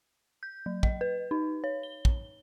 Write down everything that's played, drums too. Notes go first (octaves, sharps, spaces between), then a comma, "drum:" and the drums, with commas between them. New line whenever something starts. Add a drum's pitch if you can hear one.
G6
F#3
D#5, drum: kick
B4
D#4
C#5
G7
drum: kick